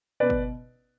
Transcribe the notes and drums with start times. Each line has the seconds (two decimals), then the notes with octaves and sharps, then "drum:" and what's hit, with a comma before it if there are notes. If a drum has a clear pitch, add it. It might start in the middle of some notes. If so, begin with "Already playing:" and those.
0.20 B2 B4 D5
0.30 drum: kick